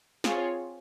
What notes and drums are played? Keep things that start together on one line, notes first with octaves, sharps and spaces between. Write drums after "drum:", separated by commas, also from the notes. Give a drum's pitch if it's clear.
C4 F4 G#4 C#5, drum: snare